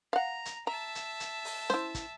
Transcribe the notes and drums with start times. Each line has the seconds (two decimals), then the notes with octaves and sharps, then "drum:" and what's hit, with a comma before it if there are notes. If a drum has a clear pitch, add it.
0.13 F5 F#5 A#5
0.45 drum: hi-hat
0.67 E5 A5 A#5
0.95 drum: hi-hat
1.20 drum: hi-hat
1.45 drum: open hi-hat
1.70 E4 C5, drum: snare C#4
1.95 drum: kick, hi-hat